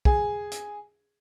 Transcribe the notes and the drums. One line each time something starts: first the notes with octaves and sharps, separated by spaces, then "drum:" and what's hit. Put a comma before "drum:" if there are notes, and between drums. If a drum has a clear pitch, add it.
G#4, drum: kick
drum: hi-hat